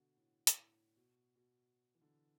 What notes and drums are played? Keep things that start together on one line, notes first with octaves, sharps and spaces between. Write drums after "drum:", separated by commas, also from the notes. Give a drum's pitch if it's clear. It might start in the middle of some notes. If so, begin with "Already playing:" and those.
Already playing: B2 D3
A2
drum: hi-hat
A2
B2
B2
E3
D3